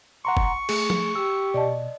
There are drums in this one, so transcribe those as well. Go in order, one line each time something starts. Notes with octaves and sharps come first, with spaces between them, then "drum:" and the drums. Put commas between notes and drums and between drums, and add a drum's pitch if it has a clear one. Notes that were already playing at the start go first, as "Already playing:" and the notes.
F#5 A#5 C6 C#6
drum: kick
A3 G#4, drum: cymbal
drum: tom F3
G4 E6
B2 D5 D#5 A5